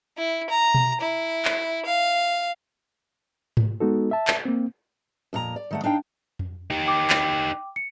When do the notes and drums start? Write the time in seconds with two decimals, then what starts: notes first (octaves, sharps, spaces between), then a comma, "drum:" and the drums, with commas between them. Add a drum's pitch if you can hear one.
0.17 E4
0.50 A#5
0.74 drum: tom B2
1.01 E4
1.45 drum: clap
1.85 F5
3.57 drum: tom G#2
3.80 G#3 B3 D#4 F#4 A4
4.11 E5 A5
4.28 drum: clap
4.45 A#3 C4
5.33 F2 A#2 F4 A#5
5.56 D5
5.71 D#3 A3 F#5
5.84 D4 D#4 F5 G5
6.39 drum: tom F2
6.70 D#4 G4
6.86 G5 D6
7.10 drum: clap
7.76 C#7